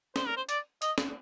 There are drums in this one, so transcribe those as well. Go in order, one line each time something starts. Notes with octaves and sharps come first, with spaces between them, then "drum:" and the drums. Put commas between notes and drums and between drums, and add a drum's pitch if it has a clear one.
C5, drum: snare
A#4
C5
D5, drum: hi-hat
D#5, drum: hi-hat
drum: snare